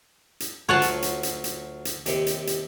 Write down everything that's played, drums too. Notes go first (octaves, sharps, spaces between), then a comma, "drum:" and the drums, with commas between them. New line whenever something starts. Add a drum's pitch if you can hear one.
drum: hi-hat
D2 F#3 F4 C#5 F#5 A5
drum: hi-hat
drum: hi-hat
drum: hi-hat
drum: hi-hat
drum: hi-hat
D#2 C3, drum: hi-hat
drum: hi-hat
drum: hi-hat